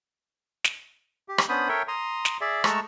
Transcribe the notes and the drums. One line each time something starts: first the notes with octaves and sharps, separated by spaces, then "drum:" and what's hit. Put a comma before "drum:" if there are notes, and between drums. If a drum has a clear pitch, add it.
drum: snare
G4
drum: rim click
B3 C#4 D4 C5 B5 D#6
A4 A#4 C#5 E5 G5
A#5 C6 D#6
drum: snare
G#4 D5 E5
G#3 A3 A5 A#5 C#6 E6, drum: rim click